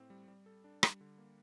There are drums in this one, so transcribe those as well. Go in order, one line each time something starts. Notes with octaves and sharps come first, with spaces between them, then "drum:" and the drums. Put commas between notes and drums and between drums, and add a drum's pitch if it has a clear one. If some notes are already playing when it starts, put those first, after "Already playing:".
Already playing: A2 C4
G3
G3
A4
D4
G3, drum: rim click
D3
A#3